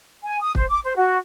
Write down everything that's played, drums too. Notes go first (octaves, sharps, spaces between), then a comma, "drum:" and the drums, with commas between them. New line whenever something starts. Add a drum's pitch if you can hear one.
G#5
D#6
C5, drum: kick
D6
C5
F#4